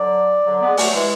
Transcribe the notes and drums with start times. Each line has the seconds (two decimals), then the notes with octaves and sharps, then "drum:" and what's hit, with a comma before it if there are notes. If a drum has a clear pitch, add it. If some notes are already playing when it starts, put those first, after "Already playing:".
Already playing: D3 F#3 D5
0.45 D3 F#3
0.61 G#3 B3
0.77 F#3 A3, drum: open hi-hat
0.93 E3 G#3